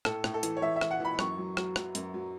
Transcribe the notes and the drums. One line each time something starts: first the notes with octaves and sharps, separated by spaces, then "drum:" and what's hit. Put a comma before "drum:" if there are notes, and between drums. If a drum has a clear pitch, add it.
A2 A4, drum: rim click
A2, drum: rim click
A4
E3, drum: hi-hat
C#5
E3 E5
E5
E3, drum: rim click
F#5
E3 B5
F#2 C#6, drum: rim click
F#3
F#3, drum: rim click
F#3, drum: rim click
F#2, drum: hi-hat
F#3